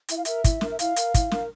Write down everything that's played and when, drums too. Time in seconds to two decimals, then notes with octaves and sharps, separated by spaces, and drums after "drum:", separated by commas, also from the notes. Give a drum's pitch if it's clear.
0.09 E4 E5, drum: hi-hat
0.17 F5
0.25 A#4 E5, drum: hi-hat
0.44 E4, drum: kick, hi-hat
0.61 A#4, drum: snare
0.71 E5
0.79 E4 F5, drum: hi-hat
0.96 A#4, drum: hi-hat
1.14 E4, drum: kick, hi-hat
1.31 A#4, drum: snare